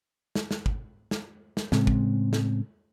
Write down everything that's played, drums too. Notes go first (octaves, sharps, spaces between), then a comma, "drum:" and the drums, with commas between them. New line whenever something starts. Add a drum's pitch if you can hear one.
drum: snare
drum: snare
drum: kick
drum: snare
drum: snare
A2 C#3 G#3 C4, drum: snare
drum: kick
drum: snare